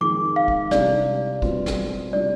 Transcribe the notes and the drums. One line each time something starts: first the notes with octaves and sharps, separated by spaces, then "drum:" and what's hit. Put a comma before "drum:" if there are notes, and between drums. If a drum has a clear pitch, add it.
F2 D#3 G#3 D6
F5
drum: kick
C2 C3 G3 D4 D5, drum: snare
B2 G3 C4 F4, drum: kick
drum: snare
C3 G3 D4 F4 D5